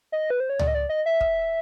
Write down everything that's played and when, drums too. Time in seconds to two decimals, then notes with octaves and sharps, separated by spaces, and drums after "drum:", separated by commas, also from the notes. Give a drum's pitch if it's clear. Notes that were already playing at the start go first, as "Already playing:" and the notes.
0.12 D#5
0.30 B4
0.40 C5
0.50 C#5
0.59 D5, drum: tom C#2
0.67 D#5
0.75 D5
0.89 D#5
1.06 E5
1.21 drum: kick